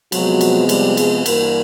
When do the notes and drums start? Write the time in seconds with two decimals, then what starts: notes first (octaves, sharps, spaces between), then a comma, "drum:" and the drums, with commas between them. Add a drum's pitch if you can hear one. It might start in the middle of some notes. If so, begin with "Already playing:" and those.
0.12 C3 F3 F#3 G#3 B3 F#4, drum: cymbal
0.41 drum: cymbal
0.69 G3 G4, drum: cymbal
0.97 G#3 G#4, drum: cymbal
1.26 G2 E3 G3 A#3 A#4, drum: cymbal